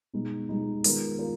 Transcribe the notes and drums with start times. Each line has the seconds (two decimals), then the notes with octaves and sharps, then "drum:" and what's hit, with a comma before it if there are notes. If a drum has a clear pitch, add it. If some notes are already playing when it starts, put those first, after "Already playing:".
0.14 B2 G#3 D#4
0.49 B2 G#3 D#4
0.84 D#3 G#3 B3 F4 A#4, drum: open hi-hat
1.19 F4 A#4